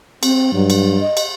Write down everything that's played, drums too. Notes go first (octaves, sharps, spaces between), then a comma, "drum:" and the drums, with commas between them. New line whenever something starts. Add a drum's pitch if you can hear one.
C4, drum: cymbal
G2 F#3
drum: cymbal
D#5
drum: cymbal